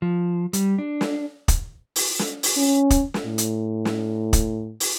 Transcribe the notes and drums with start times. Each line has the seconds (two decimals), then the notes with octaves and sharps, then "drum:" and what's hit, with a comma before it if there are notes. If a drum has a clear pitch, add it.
0.02 F3
0.53 G3, drum: hi-hat
0.78 D4
1.01 drum: snare
1.48 drum: kick, hi-hat
1.96 drum: open hi-hat
2.19 drum: snare
2.43 drum: open hi-hat
2.57 C#4
2.90 drum: kick, hi-hat
3.14 drum: snare
3.26 A2
3.38 drum: hi-hat
3.85 drum: snare
4.33 drum: kick, hi-hat
4.80 drum: open hi-hat